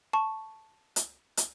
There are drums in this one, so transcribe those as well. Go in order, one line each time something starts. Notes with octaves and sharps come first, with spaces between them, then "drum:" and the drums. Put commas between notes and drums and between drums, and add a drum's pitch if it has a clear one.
A5 C#6
drum: hi-hat
drum: hi-hat